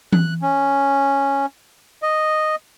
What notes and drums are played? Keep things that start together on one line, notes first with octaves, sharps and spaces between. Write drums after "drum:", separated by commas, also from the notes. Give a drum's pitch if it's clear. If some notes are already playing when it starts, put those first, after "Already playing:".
F#6, drum: tom E3
C#4
D#5